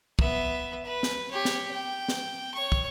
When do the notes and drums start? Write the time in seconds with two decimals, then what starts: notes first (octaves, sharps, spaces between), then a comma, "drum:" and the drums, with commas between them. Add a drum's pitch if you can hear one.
0.19 B3 E5, drum: kick
0.85 B4
1.03 drum: snare
1.31 G4 C#5
1.45 drum: snare
1.71 G5
2.09 drum: snare
2.54 C#5 C#6
2.72 drum: kick